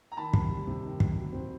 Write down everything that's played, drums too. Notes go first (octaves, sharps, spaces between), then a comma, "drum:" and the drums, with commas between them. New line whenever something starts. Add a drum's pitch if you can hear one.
A#5
D#3 A5 B5
C3, drum: kick
G3
C3
D#3
C3, drum: kick
F#3
C4